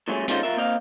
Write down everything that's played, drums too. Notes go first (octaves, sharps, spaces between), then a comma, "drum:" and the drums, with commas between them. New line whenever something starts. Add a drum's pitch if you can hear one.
A#2 F#3 G#3 A3 C#4
G#3 C#4 D#4 F4 A4 C5, drum: hi-hat
B1 C#3 F4 A#4 E5
A#3 C4 D#5 F5